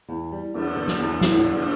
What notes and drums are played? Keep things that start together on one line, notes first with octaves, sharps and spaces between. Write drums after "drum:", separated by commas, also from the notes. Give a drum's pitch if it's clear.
E2
G3
E2, drum: cymbal
D3
drum: snare
E2
E2 A2, drum: snare
D3
drum: cymbal